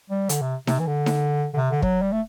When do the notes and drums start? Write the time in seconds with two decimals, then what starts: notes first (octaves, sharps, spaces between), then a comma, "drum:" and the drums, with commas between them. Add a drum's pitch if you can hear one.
0.10 G3
0.29 D3, drum: hi-hat
0.42 C3
0.67 C3, drum: snare D#4
0.79 E3
0.87 D3
1.06 drum: snare D#4
1.54 D3
1.57 C3
1.70 D3
1.82 F#3, drum: kick
2.02 G3
2.12 A3